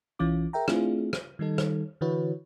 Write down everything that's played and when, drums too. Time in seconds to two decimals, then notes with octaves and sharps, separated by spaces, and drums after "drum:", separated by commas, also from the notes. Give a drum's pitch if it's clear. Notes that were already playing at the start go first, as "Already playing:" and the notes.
0.19 B1 E3 C#4 F4 D6
0.53 G#4 A#4 E5 G5 A#5
0.68 A3 C4 D4 E4 F4 G#4, drum: rim click
1.13 drum: rim click
1.39 D#3 G3 D#4 A4
1.58 drum: rim click
2.01 D3 E3 E4 F#4 B4 C#5